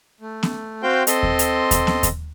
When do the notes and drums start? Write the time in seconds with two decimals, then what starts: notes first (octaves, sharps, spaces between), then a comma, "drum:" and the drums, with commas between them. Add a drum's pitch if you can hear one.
0.21 A3
0.43 drum: snare B3
0.83 C4 F#4 C5 F5 G5 G6
1.07 C4 A4 D#5 C6, drum: hi-hat
1.23 drum: kick D#2
1.39 drum: hi-hat
1.71 drum: kick D#2, hi-hat
1.87 drum: snare B3
2.03 drum: kick D#2, hi-hat